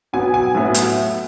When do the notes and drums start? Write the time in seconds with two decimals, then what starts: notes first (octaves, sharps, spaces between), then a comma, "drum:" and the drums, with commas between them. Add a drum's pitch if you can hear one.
0.13 B2 F#3 B3 G#5
0.34 G#5
0.55 A2 F#3 B3
0.74 drum: hi-hat